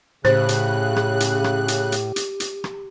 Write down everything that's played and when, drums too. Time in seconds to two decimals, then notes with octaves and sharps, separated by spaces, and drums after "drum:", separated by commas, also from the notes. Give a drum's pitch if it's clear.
0.25 A2 C#3 G4 C5 F#6, drum: rim click
0.49 drum: hi-hat
0.96 drum: rim click
1.20 drum: hi-hat
1.44 drum: rim click
1.68 drum: hi-hat
1.92 drum: hi-hat
2.16 drum: hi-hat
2.40 drum: hi-hat
2.64 drum: rim click